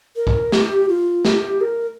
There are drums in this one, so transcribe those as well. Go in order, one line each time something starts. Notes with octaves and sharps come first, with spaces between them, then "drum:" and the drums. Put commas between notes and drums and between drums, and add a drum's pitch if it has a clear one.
A#4
drum: kick
G4, drum: snare
F4
G4, drum: snare
A#4